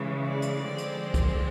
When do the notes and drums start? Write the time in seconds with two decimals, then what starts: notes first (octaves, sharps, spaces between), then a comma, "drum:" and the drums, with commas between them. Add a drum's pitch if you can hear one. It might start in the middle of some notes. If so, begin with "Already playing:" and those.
Already playing: C#3 E3 G#3
0.24 D5
0.42 drum: hi-hat
0.60 D3 F3 G#3 C4
0.78 drum: hi-hat
1.14 drum: kick, hi-hat